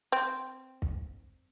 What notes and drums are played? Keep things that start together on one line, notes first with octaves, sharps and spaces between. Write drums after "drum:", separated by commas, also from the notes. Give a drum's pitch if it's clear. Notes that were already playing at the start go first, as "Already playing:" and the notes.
C4
drum: kick